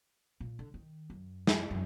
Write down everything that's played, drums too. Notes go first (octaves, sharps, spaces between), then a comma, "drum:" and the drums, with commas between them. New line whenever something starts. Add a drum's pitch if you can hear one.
A#2
D3
D#3
F#2
drum: snare
F#2